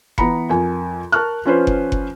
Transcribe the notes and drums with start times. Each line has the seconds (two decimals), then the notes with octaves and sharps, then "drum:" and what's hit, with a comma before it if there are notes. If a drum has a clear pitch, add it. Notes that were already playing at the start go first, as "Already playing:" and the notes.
0.18 E3 B3 A#5 B5 C#7, drum: kick F#1
0.50 F2 A#4 G#5
1.12 A#4 A5 C#6 F6 F#6
1.45 F3 C#4 B4 C5
1.67 drum: kick F#1
1.92 drum: kick F#1